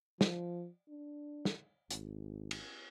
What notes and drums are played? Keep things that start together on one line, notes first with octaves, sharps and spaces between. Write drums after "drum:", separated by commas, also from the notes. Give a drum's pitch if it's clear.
F3, drum: snare
D4
drum: snare
G#1, drum: hi-hat
drum: cymbal